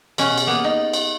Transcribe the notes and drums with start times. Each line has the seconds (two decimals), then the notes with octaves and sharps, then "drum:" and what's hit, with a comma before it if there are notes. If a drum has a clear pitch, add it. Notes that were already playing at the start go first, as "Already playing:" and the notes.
0.18 B2 C#4, drum: cymbal
0.38 drum: cymbal
0.47 A#3 B3
0.64 D#4
0.93 drum: cymbal